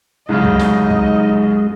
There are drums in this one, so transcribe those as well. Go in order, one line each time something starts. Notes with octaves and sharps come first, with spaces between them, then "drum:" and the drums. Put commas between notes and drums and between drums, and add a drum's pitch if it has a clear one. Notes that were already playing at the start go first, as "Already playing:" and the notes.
C2 F#2 C#3 G#3 D#4 D#5
drum: kick
drum: snare
drum: kick